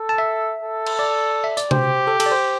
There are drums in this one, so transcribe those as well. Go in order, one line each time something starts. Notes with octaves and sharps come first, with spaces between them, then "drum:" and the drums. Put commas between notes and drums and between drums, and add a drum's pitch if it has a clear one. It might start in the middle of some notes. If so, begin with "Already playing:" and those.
Already playing: A4
A5
E5
A4
drum: cymbal
D5
E5
D5, drum: hi-hat
G4 C5, drum: tom C3
A4
A4, drum: cymbal
D5
C5